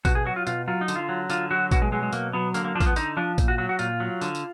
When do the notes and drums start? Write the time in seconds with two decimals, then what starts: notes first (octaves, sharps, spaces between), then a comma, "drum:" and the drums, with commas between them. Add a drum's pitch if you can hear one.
0.05 B2 F#4, drum: kick, tambourine
0.15 G#4
0.25 F#3 F#4
0.36 F4
0.47 B2 F4, drum: tambourine
0.68 F#3 F4
0.81 D#4
0.88 D3, drum: tambourine
0.96 F4
1.09 F#3
1.30 D3 F4, drum: tambourine
1.51 F#3 F#4
1.71 B2 F#4, drum: kick, tambourine
1.82 G#3
1.92 F#3 G#3
2.03 G#3
2.13 B2 A#3, drum: tambourine
2.33 F#3 B3
2.54 D3 A#3, drum: tambourine
2.65 A#3
2.75 F3 D4
2.80 A#3, drum: kick, tambourine
2.86 B3
2.96 D3 D#4, drum: tambourine
3.17 F3 D4
3.38 A#2, drum: kick, tambourine
3.48 F#4
3.58 F#3 F#4
3.69 F#4
3.79 A#2 F4, drum: tambourine
4.00 F#3
4.21 D3, drum: tambourine
4.35 drum: tambourine